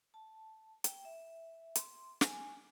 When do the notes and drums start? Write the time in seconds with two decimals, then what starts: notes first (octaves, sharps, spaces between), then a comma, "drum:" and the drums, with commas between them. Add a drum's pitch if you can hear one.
0.14 A5
0.84 G5, drum: hi-hat
1.05 E5
1.76 C6, drum: hi-hat
2.21 G#5, drum: snare